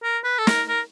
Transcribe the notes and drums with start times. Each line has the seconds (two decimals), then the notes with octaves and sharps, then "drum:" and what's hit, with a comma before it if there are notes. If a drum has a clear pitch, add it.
0.03 A#4
0.24 B4
0.38 A4
0.47 A#4, drum: snare
0.69 A#4